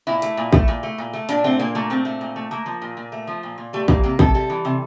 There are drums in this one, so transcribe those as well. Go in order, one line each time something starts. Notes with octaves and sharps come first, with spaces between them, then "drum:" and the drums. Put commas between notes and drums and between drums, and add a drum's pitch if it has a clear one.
A#2 E4
A3, drum: hi-hat
A#2
A3, drum: kick A1
A#2
A3
A#2
A3
A#2 D4, drum: hi-hat
A3 C4
A#2 A#3
A3 A#3
A#2 C4
A3
A#2
A3
A3 A#3
F3
A#2
A#2
A3
F3
A#2
A#2
G3 A3
E3 A#3, drum: kick A1
C3 A#3
C3 A4, drum: kick A1
G3 A4
E3
C3